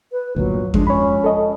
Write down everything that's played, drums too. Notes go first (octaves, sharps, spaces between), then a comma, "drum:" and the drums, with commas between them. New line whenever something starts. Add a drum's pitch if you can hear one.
B4
G1 D2 A#2 F#3
F3 G#3 D4, drum: kick F2
C#4 C#5 B5
A4 D#5